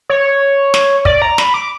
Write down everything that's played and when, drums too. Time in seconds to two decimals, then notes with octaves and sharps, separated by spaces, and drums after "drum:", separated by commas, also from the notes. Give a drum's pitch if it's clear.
0.10 C#5
0.74 drum: snare
1.05 D5, drum: kick
1.22 A#5
1.38 B5, drum: snare
1.54 D6